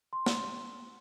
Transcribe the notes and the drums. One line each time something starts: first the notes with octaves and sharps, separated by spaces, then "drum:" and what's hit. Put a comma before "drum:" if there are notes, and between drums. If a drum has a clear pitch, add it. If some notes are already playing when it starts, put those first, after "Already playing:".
C6
drum: snare